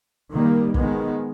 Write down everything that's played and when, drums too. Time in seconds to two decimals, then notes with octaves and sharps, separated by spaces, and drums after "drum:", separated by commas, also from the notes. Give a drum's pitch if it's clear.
0.31 D#3 G3 A#3
0.74 D#3 G#3 B3, drum: kick